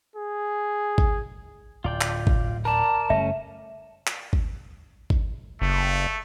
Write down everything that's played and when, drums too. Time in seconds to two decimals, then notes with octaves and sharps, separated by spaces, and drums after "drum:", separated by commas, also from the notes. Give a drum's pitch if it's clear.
0.16 G#4
0.98 drum: kick
1.84 D1 F4 D5 G5
2.01 drum: clap
2.27 drum: kick
2.65 A#4 D5 A5
3.10 F#1 G3 A3 C#4 E5
4.07 drum: clap
4.33 drum: kick
5.10 drum: kick
5.62 F#1 A3